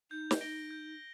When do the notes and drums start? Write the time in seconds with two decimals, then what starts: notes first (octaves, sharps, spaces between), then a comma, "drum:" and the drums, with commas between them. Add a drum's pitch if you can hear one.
0.11 D#4 G6
0.31 drum: snare
0.41 A#6 D7 G7
0.71 G6